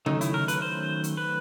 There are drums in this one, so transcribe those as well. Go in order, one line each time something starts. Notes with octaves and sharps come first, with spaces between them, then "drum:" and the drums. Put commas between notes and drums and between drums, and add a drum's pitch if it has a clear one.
D#3 F#3 A3 C#4 D#4, drum: tom C#3
E4, drum: hi-hat
A#4
B4, drum: hi-hat
C5
drum: hi-hat
B4